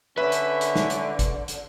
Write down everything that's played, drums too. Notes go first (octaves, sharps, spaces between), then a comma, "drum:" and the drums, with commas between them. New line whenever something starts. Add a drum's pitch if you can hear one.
D3 C#4 B4 E5
drum: hi-hat
drum: hi-hat
drum: snare
drum: hi-hat
drum: kick, hi-hat
drum: hi-hat